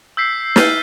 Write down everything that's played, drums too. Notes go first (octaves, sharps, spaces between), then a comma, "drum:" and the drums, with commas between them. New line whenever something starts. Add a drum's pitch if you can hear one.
E6 G6 B6 C7
F6 G6 A6 C7 D#7, drum: snare